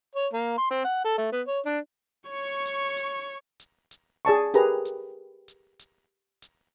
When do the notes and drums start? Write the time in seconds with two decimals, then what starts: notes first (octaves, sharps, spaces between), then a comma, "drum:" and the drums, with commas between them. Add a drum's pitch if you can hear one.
0.15 C#5
0.33 A#3
0.58 C6
0.71 C4
0.84 F#5
1.05 A4
1.18 A3
1.32 B3
1.47 C#5
1.65 D4
2.30 C#5 C#6
2.66 drum: hi-hat
2.97 drum: hi-hat
3.60 drum: hi-hat
3.91 drum: hi-hat
4.25 G#4 D5 A5 C#6
4.54 G4 G#4 A#4 B4 A#5, drum: hi-hat
4.85 drum: hi-hat
5.48 drum: hi-hat
5.79 drum: hi-hat
6.42 drum: hi-hat